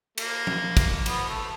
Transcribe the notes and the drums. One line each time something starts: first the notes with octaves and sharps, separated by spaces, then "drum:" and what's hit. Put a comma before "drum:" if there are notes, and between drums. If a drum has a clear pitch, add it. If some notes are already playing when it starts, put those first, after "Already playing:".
A#3, drum: cymbal
drum: tom F3
drum: kick, cymbal
B3, drum: cymbal
A3